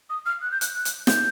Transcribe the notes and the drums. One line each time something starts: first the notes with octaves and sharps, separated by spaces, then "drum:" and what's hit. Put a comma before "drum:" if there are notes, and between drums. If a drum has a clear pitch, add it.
D#6
F6
F#6
G6
F#6, drum: hi-hat
F#6
drum: hi-hat
G6, drum: snare